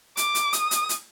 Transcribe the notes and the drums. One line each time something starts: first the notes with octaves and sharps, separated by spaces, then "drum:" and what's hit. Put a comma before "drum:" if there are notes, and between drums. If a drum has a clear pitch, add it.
D6, drum: hi-hat
drum: hi-hat
D#6, drum: hi-hat
drum: hi-hat
drum: hi-hat